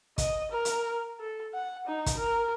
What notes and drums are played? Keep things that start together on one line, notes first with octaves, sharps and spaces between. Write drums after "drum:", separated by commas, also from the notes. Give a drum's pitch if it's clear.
D#5, drum: kick, hi-hat
A#4
drum: hi-hat
A4
F#5
D#4
drum: kick, hi-hat
A#4